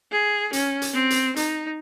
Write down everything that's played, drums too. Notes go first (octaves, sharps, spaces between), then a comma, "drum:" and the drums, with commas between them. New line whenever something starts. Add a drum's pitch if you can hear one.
G#4
C#4, drum: hi-hat
drum: hi-hat
C4
drum: hi-hat
D#4, drum: hi-hat